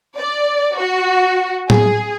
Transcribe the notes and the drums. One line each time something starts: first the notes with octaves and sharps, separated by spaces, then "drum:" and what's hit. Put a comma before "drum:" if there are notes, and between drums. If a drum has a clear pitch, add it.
D5
F#4
G#4, drum: tom A2